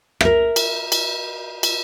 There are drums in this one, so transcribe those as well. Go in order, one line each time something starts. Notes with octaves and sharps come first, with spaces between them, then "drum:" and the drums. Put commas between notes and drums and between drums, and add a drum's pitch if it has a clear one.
A#4 E5, drum: rim click
drum: cymbal
drum: cymbal
drum: cymbal